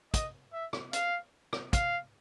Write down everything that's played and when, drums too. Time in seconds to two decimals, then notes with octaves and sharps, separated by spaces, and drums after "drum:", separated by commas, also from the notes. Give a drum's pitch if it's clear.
0.14 D#5, drum: kick, hi-hat
0.53 E5
0.73 drum: rim click
0.93 F5, drum: hi-hat
1.53 drum: rim click
1.73 F5, drum: kick, hi-hat